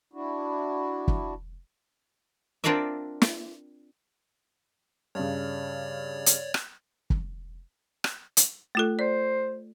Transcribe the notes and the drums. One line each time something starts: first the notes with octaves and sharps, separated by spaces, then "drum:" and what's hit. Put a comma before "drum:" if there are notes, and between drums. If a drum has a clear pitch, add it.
D4 E4 F#4
drum: kick
C4 D4 F4 A#4 D5 E5
drum: snare
G2 C#3 C#5 D5
drum: hi-hat
drum: rim click
drum: kick
drum: rim click
drum: hi-hat
A3 F4 A4
C5 D5